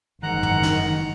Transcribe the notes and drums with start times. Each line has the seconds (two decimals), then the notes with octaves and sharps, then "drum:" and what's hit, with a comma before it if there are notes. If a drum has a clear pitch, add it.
0.23 F#1 G#2 D#3 E3 F#5 A#5 F#6
0.43 drum: tom
0.63 drum: snare